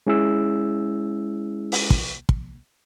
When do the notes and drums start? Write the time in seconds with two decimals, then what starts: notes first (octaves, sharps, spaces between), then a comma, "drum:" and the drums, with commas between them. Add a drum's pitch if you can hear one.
0.07 G#3 C#4 E4 G#4 E6
1.72 drum: open hi-hat
1.90 drum: kick
2.29 drum: kick